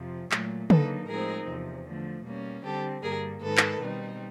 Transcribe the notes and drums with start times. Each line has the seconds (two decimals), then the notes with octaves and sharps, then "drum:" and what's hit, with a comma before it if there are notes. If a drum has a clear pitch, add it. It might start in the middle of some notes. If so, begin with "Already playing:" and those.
Already playing: F2 C3 F3
0.32 A#2 F#3 A3, drum: clap
0.70 D3 F#3 A#3 D#4 A4 B4, drum: tom
1.08 A2 F3 G#3 C4 D#4 G#4 A#4
1.48 E2 C3 F3
1.86 D3 F3 A3
2.25 B2 G3 A#3 C#4
2.64 D3 G3 C4 G4 A4
3.03 G2 D3 G3 A#3 G#4 A#4
3.42 G#2 D#3 G#3 A4 B4
3.57 drum: clap
3.82 B2 G3 C4 D#4